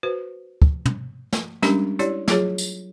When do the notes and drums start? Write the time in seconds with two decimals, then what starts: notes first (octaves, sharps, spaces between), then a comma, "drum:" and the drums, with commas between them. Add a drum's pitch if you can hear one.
0.03 F#4 B4 C5
0.62 drum: kick
0.85 drum: tom
1.33 drum: snare
1.62 G3 G#3 C#4 D4 G4 A#4, drum: snare
1.99 E4 G4 C#5 D5, drum: hi-hat
2.28 F#3 F4 G#4 C#5, drum: snare
2.58 drum: tambourine